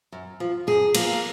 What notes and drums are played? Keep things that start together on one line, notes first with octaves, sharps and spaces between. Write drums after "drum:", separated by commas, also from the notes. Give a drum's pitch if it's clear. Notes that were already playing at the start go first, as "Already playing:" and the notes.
F#2
F3
F#2 G#4
F3 A#3, drum: cymbal